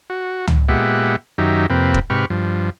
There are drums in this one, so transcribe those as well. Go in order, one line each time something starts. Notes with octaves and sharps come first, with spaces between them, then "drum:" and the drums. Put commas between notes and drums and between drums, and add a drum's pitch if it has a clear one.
F#4
drum: tom C#2
A#2 G#3 B3 G4 E5 F#5
F#2 D#3 F#3 D#4 G4 E5
F2 C3 A#3 C4 B4
drum: kick
G#2 C3 G4 B4 C#6 F6
G2 F3